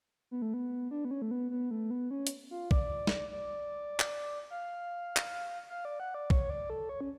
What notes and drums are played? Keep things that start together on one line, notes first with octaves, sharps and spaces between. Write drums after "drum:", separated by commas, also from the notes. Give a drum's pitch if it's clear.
B3
A3
B3
D4
B3
C#4
A3
B3
B3
A3
B3
C#4
drum: hi-hat
F4
D5, drum: kick B1
drum: snare
D5
drum: clap
F5
drum: clap
F5
D5
F#5
D5
C#5, drum: kick B1
D5
A4
C#5
C#4